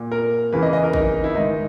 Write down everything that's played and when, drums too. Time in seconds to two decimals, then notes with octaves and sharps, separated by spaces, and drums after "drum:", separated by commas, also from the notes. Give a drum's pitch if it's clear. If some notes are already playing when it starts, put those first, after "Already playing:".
Already playing: A#2
0.12 A#4
0.53 E2 C#3 E3 B4
0.62 D#5
0.73 D#5
0.84 A#4
0.93 D#4, drum: kick A1
1.24 E4
1.35 G#2 D#3 D#4